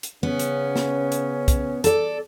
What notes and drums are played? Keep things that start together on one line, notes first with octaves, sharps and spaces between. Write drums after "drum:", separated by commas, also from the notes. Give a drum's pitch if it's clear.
drum: hi-hat
C#3 B3 C#4
drum: hi-hat
drum: snare
drum: hi-hat
drum: kick, hi-hat
A4 D5, drum: hi-hat